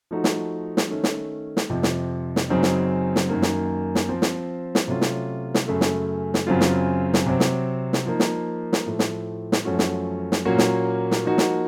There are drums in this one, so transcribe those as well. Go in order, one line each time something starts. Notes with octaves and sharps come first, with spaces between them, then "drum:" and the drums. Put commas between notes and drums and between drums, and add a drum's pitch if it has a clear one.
F3 A3 D#4 F#4
drum: snare
drum: snare
D#3 A3 C#4
drum: snare
drum: snare
F2 C3 F3
drum: snare
drum: snare
F#2 C#3 F#3 C4 D#4
drum: snare
drum: snare
F#2 D#3 A#3
drum: snare
drum: snare
F3 C4 F4
drum: snare
drum: snare
C3 F#3 A3 C#4 F4
drum: snare
drum: snare
F#2 C#3 A3
drum: snare
drum: snare
F#2 C#3 F#3 C4 F4
drum: snare
drum: snare
C3 F#3 C4
drum: snare
drum: snare
F3 A#3 D#4
drum: snare
drum: snare
A2 F3 A3
drum: snare
drum: snare
F#2 F3 A3 C#4 F#4
drum: snare
drum: snare
A#2 F#3 A#3 C#4 F#4
drum: snare
drum: snare
F3 A#3 D#4 F#4
drum: snare